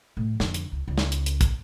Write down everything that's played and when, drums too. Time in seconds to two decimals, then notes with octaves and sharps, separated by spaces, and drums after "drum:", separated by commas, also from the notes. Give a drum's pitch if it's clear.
0.17 A2
0.40 F2 D3, drum: snare
0.54 drum: hi-hat
0.72 C#2
0.88 C#2
0.98 drum: snare
1.12 drum: hi-hat
1.26 drum: hi-hat
1.41 drum: kick, hi-hat